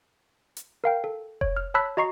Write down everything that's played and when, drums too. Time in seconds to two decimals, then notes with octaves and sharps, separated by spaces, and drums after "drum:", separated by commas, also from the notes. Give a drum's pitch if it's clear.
0.57 drum: hi-hat
0.84 A#4 F5 G5
1.04 A4
1.41 C#5, drum: kick F1
1.57 F6
1.74 C#5 A5 B5 E6 F#6 B6
1.97 F#4 D#5 A#5 C#6 C7